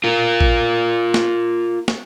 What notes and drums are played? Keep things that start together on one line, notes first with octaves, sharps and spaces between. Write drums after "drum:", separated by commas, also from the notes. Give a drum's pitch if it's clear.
F4 A#4
drum: kick A1
drum: snare
drum: snare